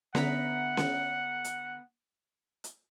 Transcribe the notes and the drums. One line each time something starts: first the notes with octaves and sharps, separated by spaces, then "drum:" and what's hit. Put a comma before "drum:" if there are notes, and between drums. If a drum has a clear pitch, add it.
D3 B3 E5 F#5 A#5 B6, drum: snare C#4
drum: snare C#4
drum: hi-hat
drum: hi-hat